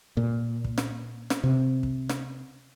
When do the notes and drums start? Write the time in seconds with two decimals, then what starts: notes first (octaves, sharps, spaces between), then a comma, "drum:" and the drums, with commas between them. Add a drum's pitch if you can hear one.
0.17 A#2
0.64 drum: kick
0.78 drum: snare
1.30 drum: snare
1.44 C3
1.83 drum: kick
2.10 drum: snare